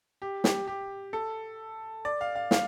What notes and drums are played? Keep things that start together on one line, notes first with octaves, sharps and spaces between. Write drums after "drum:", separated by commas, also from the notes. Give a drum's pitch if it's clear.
G4
G4, drum: snare
G4
A4
D5
F5
F5
F5, drum: snare